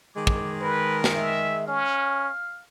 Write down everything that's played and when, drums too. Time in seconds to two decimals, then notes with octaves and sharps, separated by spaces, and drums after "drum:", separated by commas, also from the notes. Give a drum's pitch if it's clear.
0.16 D#3 G#3 D6
0.27 drum: kick
0.62 A#4 B4
1.04 drum: snare
1.15 E5
1.68 C#4 F5